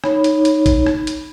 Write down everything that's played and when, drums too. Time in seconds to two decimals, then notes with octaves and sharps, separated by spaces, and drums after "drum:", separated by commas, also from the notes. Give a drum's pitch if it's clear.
0.04 D#4 C#5 B5, drum: rim click
0.24 drum: hi-hat
0.45 drum: hi-hat
0.66 drum: kick, hi-hat
0.86 drum: rim click
1.07 drum: hi-hat